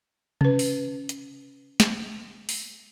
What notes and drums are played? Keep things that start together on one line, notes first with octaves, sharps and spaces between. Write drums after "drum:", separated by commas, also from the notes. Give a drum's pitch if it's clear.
C#4 B4, drum: tom C3
drum: open hi-hat
drum: hi-hat
drum: snare
drum: open hi-hat